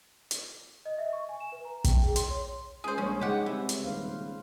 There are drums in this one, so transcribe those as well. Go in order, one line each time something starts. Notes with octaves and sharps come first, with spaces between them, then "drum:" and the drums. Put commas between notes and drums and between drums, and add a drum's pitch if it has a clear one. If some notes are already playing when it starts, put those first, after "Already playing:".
drum: hi-hat
D#5
E5
C#6
G#5
E7
B4
A#5
G5, drum: kick, hi-hat
G#4
C6, drum: hi-hat
C#5
C#2 G#4 C5
A#1 G3 G#3 C#4 C#5
G#2 C#3 G4 G#4 B4 F#5
C3 E3
drum: hi-hat
D#1 B4 C5 F5